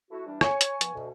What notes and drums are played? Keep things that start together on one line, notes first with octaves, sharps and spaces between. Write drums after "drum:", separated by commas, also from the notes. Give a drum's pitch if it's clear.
A3 E4 F#4
E3 G3 D4
C#5 G#5 C#6, drum: rim click
drum: hi-hat
B2 F3, drum: hi-hat
D2 B2